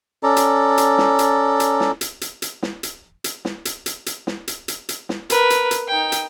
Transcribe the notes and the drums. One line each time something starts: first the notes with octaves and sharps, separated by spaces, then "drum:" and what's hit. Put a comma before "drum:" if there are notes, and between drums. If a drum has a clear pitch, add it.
C#4 A4 D5 A#5
drum: hi-hat
drum: hi-hat
drum: snare
drum: hi-hat
drum: hi-hat
drum: snare
drum: hi-hat
drum: hi-hat
drum: hi-hat
drum: snare
drum: hi-hat
drum: hi-hat
drum: snare
drum: hi-hat
drum: hi-hat
drum: hi-hat
drum: snare
drum: hi-hat
drum: hi-hat
drum: hi-hat
drum: snare
A#4 B4, drum: hi-hat
drum: hi-hat
drum: hi-hat
D#4 G5
drum: hi-hat